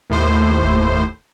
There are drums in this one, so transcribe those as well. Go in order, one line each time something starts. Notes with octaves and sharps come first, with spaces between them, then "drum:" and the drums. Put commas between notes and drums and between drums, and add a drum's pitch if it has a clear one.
D#2 A2 C5
drum: kick F1